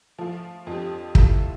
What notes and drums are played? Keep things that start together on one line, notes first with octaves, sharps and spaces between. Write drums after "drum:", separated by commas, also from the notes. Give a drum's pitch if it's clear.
F3 A3 F4
F2 F3 D4 G4
A2 A3 F4 A4, drum: kick